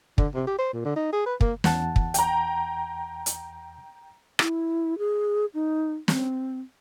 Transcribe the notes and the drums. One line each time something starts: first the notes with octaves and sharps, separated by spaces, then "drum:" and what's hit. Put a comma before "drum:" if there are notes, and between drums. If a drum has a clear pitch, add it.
D3, drum: kick
C3
G4
C5
A#2
D3
D#4
G#4
B4
A#3, drum: kick
E2 F#5 A5, drum: snare
drum: kick
G5 A#5, drum: hi-hat
drum: hi-hat
E4, drum: rim click
G#4
D#4
C4, drum: snare